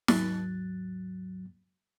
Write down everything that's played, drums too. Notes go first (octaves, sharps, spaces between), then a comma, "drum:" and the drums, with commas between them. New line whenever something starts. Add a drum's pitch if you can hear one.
D#2 G#2 F#3 F#6 A6, drum: snare